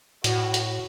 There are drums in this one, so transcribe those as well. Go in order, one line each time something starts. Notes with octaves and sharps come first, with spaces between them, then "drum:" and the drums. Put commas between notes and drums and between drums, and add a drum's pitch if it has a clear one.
A2 F#4, drum: hi-hat
drum: hi-hat